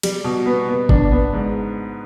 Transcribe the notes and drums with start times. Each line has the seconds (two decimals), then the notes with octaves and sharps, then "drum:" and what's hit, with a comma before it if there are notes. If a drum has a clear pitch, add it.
0.03 G3, drum: cymbal
0.24 B2
0.46 B3
0.69 B3
0.89 D4, drum: kick
1.12 B3
1.33 G#2